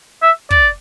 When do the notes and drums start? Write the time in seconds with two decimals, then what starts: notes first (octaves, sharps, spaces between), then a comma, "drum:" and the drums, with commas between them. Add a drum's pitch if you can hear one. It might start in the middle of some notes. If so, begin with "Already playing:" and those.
0.22 E5
0.51 D5, drum: kick